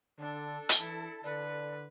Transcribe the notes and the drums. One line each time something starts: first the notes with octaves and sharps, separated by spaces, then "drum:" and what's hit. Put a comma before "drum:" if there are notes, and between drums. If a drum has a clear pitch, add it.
D3 D4 A4
drum: hi-hat
E3 E4
D3 B4 D5